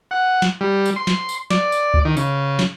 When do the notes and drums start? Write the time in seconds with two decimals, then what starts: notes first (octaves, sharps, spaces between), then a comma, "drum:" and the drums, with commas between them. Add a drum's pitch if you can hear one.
0.11 F#5
0.42 drum: snare
0.61 G3
0.85 drum: tambourine
0.96 C6
1.07 drum: snare
1.29 drum: tambourine
1.51 D5, drum: snare
1.72 drum: tambourine
1.94 drum: kick C#2
2.05 D#3
2.17 C#3, drum: tambourine
2.59 drum: snare